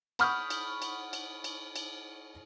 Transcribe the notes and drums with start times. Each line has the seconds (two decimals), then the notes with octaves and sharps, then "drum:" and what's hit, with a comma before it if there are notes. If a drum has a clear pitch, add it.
0.19 F#5 B5 C#6 D#6 F6 G6, drum: cymbal
0.50 drum: cymbal
0.82 drum: cymbal
1.13 drum: cymbal
1.44 drum: cymbal
1.76 drum: cymbal